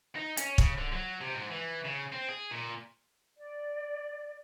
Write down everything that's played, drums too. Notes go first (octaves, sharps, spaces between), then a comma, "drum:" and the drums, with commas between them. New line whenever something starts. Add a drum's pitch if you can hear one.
D#4
C#4, drum: hi-hat
C#3, drum: kick
D3
F#3
C3
G#2
E3
C#3
C4
G#4
A#2
D5